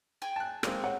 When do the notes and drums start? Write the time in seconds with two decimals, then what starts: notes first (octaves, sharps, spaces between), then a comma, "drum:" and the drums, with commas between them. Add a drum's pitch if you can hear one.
0.22 G#4 G5 G#5
0.36 A5 F#6
0.63 G#3 A#3 C4, drum: rim click
0.84 C#5 F#5